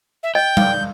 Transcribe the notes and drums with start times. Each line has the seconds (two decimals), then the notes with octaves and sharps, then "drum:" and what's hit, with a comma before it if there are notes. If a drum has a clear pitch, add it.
0.23 E5
0.35 D#5 G5 G6
0.57 D5 F5, drum: tom G3